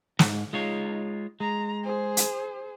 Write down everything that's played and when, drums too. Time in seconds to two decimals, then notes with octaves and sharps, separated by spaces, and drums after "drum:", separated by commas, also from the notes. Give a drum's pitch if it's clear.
0.19 G#2, drum: snare
0.53 G#3 D#4 F4 C#5
1.40 G#3 A#5
1.84 G#4 C5
2.17 drum: hi-hat